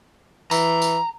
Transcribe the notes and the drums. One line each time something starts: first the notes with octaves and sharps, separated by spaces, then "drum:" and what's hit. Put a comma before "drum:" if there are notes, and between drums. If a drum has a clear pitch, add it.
E3 A#5, drum: tambourine
drum: tambourine